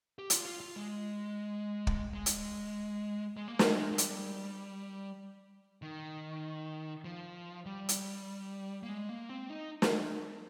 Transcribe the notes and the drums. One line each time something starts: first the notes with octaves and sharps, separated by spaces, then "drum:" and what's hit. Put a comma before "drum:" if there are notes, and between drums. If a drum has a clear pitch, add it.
G4
F4, drum: hi-hat
F4
F4
G#3
drum: kick
G#3
drum: hi-hat
G#3
A#3
G#3, drum: snare
G#3
G3, drum: hi-hat
D#3
F3
G3
drum: hi-hat
A#3
G#3
A#3
C4
D#4
drum: snare